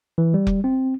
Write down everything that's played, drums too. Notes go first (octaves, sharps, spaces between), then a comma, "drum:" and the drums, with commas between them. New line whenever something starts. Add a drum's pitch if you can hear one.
E3
G3
drum: kick F1
C4